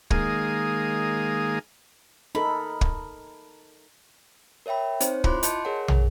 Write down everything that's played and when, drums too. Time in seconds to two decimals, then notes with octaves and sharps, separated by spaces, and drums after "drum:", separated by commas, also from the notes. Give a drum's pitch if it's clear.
0.10 D#3 G#3 A#3 G#4 F5 D#6, drum: kick
2.35 D#4 A4 A#4 B5
2.81 drum: kick
4.66 A#4 C#5 E5 G5 B5
5.01 C4 D#4 C5 C#5, drum: hi-hat
5.24 E4 F4 B5 C6 D6 F#6, drum: kick
5.43 D#5 A5 C6 G6 C#7, drum: hi-hat
5.65 G#4 A#4 C#5 F#5
5.88 G#4, drum: tom